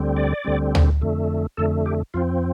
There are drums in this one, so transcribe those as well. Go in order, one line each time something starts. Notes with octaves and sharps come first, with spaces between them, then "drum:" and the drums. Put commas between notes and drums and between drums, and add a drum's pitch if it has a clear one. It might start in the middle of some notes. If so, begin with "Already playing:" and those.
Already playing: D2 D3 G3 C4
D5
D2 D3 G3 C4
drum: tom
F2 D3 A3
F2 D3 A3 A4
G4
F2 F3 C4 F4